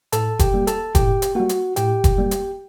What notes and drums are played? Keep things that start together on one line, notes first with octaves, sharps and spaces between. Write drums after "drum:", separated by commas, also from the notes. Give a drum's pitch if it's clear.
A2 A4 A5, drum: hi-hat
G4 G5, drum: kick F1, hi-hat
G3 A#3
A4 A5, drum: hi-hat
A2 G4 G5, drum: kick F1, hi-hat
drum: hi-hat
G3 A#3 F#4 F#5
drum: hi-hat
A2 G4 G5, drum: hi-hat
drum: kick F1, hi-hat
G3 A#3
drum: hi-hat